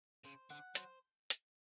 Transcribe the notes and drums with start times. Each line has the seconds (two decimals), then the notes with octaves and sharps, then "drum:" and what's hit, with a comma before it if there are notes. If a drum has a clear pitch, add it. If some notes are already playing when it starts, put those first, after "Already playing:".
0.24 C#3 C5
0.50 D3 F#5
0.75 F#3 C5, drum: hi-hat
1.30 drum: hi-hat